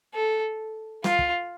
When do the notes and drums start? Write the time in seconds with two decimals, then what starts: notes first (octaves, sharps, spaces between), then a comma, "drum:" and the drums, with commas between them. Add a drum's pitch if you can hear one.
0.14 A4
1.04 F4, drum: snare
1.19 drum: kick